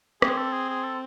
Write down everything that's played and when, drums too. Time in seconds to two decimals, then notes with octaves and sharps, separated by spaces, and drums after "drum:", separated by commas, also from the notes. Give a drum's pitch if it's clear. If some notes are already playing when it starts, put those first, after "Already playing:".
0.22 C4 G#4, drum: rim click
0.38 A4
0.53 G#4
0.69 G#4
0.85 A4